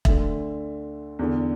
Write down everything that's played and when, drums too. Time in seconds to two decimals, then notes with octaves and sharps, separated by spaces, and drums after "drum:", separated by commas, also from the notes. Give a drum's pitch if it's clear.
0.05 D2 D3 E5, drum: kick E1
1.19 E2 D3